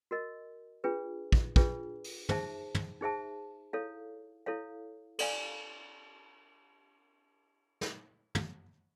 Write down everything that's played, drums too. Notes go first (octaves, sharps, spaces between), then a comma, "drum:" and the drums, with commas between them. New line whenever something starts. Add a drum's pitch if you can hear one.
F#4 A#4 D#5
D4 F4 G#4 B4
drum: kick
D4 F4 G#4 B4, drum: kick
drum: open hi-hat
D#4 G#4 C5 E5 A5, drum: tom
drum: tom
D#4 G#4 C5 E5 A5
E4 A4 C#5 F5
E4 A4 C#5 F5
A4 D5 F5 G#5, drum: cymbal
drum: snare
drum: tom